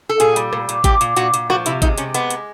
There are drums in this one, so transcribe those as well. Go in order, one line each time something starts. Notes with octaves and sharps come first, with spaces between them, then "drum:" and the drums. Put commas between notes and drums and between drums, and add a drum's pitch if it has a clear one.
A4
A#2 G#4, drum: hi-hat
G3, drum: hi-hat
A#2, drum: rim click
A#2, drum: hi-hat
A#2 G4, drum: kick G#1, hi-hat
A#2, drum: hi-hat
A#2 F#4, drum: hi-hat
A#2, drum: hi-hat
F3 F#4, drum: rim click
C3 E4, drum: hi-hat
G#3 D#4, drum: kick G#1, hi-hat
C3 C#4, drum: hi-hat
G#3 B3, drum: hi-hat
drum: hi-hat